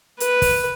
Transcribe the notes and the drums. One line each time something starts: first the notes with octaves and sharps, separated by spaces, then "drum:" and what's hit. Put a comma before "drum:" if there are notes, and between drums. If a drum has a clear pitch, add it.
B4, drum: hi-hat
drum: kick, open hi-hat